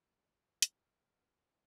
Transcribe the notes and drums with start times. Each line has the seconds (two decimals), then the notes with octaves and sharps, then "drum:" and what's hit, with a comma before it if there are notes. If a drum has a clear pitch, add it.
0.18 F#4 B4 G5
0.62 F5 A#5 F6, drum: hi-hat